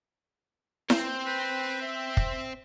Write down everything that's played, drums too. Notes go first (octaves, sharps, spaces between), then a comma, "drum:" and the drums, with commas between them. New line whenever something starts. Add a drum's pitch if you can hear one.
C4 C5, drum: snare E4
B4
E5
drum: kick